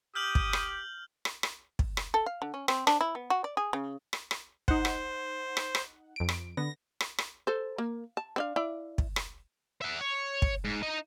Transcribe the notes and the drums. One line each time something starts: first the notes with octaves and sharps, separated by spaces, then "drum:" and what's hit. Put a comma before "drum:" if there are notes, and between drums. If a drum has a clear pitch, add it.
G4 D#6 F6 G6 F#7
drum: kick
drum: rim click
drum: rim click
drum: rim click
drum: kick
drum: rim click
A4
F5
D3
C#4
C4, drum: rim click
D4, drum: rim click
E4
B3
F#4
D5
G#4
C#3
drum: rim click
drum: rim click
D#4 C5 F#5, drum: kick
drum: rim click
drum: rim click
drum: rim click
F2 D7
drum: rim click
D3 B3 A#6
drum: rim click
drum: rim click
A4 C5
A#3
A5
C4 D4 F5
E4 D5
drum: kick
drum: rim click
E5 F#5
C#5
drum: kick
G#2
D#4 D#5